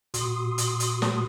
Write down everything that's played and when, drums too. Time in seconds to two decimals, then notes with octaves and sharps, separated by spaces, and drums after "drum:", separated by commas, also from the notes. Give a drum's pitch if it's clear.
0.14 A#2 F#4 C6 D#6, drum: hi-hat
0.58 drum: hi-hat
0.80 drum: hi-hat
1.02 drum: snare